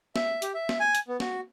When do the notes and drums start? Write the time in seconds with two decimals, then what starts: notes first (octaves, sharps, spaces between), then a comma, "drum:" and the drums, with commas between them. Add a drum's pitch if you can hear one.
0.16 E5, drum: snare
0.42 G4, drum: hi-hat
0.54 E5
0.69 drum: snare
0.80 G#5
0.95 drum: hi-hat
1.08 B3
1.20 F#4, drum: snare